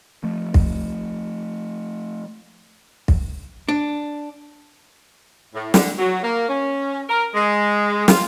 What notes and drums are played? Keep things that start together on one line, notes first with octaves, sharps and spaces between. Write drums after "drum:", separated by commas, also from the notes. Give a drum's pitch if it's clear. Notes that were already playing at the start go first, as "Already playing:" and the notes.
F3 A3
drum: kick
drum: kick
D4
A2
D3, drum: snare
F#3
A#3
C#4
A#4
G#3
F4, drum: snare